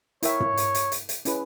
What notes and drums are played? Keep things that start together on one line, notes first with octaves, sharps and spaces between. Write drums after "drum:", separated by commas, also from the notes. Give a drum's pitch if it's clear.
E4 A#4 C#5 E5 G5, drum: hi-hat
drum: tom
drum: hi-hat
drum: hi-hat
drum: hi-hat
drum: hi-hat
C#4 E4 G#4 B4, drum: hi-hat